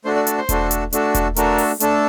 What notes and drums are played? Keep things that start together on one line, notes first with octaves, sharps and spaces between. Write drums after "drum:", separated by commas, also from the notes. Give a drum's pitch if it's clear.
A3 D4 F#4 A4 C5
D5
D5, drum: hi-hat
C5
A3 D4 F#4 A4, drum: kick E1, hi-hat
drum: hi-hat
A3 D4 F#4 A4, drum: hi-hat
drum: kick E1, hi-hat
A3 D4 F#4 A4 A#4, drum: hi-hat
drum: open hi-hat
A3 D4 A4, drum: hi-hat